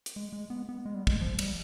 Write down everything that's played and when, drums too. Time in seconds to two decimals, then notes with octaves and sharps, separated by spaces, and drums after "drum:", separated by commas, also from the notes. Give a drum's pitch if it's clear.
0.06 drum: hi-hat
0.16 G#3
0.33 G#3
0.50 B3
0.69 B3
0.86 G#3
0.94 G3
1.07 G#3, drum: kick
1.21 F3
1.39 G3, drum: cymbal